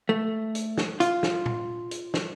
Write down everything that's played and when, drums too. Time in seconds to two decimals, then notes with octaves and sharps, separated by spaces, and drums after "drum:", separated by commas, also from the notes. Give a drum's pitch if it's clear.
0.09 A3
0.55 drum: hi-hat
0.78 drum: snare
1.00 F4, drum: hi-hat
1.23 drum: snare
1.46 drum: tom
1.91 drum: hi-hat
2.14 drum: snare